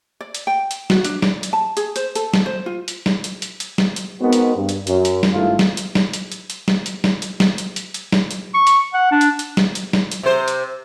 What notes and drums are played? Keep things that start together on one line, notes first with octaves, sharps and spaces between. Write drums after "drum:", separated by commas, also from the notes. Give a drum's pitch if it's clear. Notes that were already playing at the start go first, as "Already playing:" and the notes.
D5
drum: hi-hat
G5
drum: hi-hat
F#4, drum: snare F#3
D4, drum: hi-hat
D5, drum: snare F#3
drum: hi-hat
A5
G#4, drum: hi-hat
C5, drum: hi-hat
A4, drum: hi-hat
drum: snare F#3
C5
F4
drum: hi-hat
drum: snare F#3
drum: hi-hat
drum: hi-hat
drum: hi-hat
drum: snare F#3
drum: hi-hat
G#3 B3 C4 D#4 F#4 A#4
drum: hi-hat
G2
drum: hi-hat
F#2, drum: hi-hat
drum: hi-hat
drum: snare F#3
G#1 G2 A3 E4 F4
drum: snare F#3
drum: hi-hat
drum: snare F#3
drum: hi-hat
drum: hi-hat
drum: hi-hat
drum: snare F#3
drum: hi-hat
drum: snare F#3
drum: hi-hat
drum: snare F#3
drum: hi-hat
drum: hi-hat
drum: hi-hat
drum: snare F#3
drum: hi-hat
C#6
drum: hi-hat
F#5
D4
drum: hi-hat
drum: hi-hat
drum: snare F#3
drum: hi-hat
drum: snare F#3
drum: hi-hat
C3 C5
drum: hi-hat